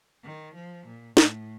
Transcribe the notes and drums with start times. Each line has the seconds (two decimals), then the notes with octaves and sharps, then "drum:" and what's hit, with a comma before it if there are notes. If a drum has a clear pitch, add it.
0.24 D#3
0.55 F3
0.86 A#2
1.17 A2, drum: snare